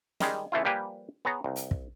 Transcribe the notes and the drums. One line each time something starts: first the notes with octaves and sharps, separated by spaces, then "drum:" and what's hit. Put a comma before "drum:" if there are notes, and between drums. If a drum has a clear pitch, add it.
D#3 G3 G#3, drum: snare
C#3 E3 A3 E4 F4
F3 G3 A#3 G4 B4 G#5
B3 G#4 C#5 A#5
C2
drum: hi-hat
drum: kick